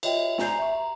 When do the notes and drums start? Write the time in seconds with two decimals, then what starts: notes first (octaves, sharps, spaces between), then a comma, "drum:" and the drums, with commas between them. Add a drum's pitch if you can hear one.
0.03 F4 C#5 D#5 E5 G5, drum: cymbal
0.38 D5 G#5 A#5 G6 C7 F7, drum: snare
0.59 E5 C#6
0.72 A#5